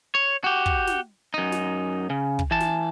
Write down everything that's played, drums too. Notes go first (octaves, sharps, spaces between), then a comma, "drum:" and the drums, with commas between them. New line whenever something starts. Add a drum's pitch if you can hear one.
C#5
F#4 G4
drum: kick
drum: snare
F#2 D#4
drum: snare
C#3
drum: kick
E3 A5
drum: snare